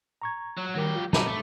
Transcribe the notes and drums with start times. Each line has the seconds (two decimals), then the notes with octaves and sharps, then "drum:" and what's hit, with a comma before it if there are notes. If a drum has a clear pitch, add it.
0.22 A#5 C#6 G#6
0.58 F#3
0.75 D#3 F#3 G3 G4 A#4
0.95 F4
1.13 D#4 A5 B5 D6, drum: snare
1.27 A3